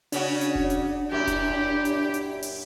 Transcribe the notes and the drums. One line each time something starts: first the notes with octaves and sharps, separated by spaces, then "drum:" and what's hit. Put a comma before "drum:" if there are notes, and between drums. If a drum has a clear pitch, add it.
C#3 C#4 D4 F#4, drum: open hi-hat
drum: hi-hat
drum: kick F1
drum: hi-hat
F#2 A#2 E4 G4
drum: kick F1, hi-hat
drum: hi-hat
drum: hi-hat
drum: open hi-hat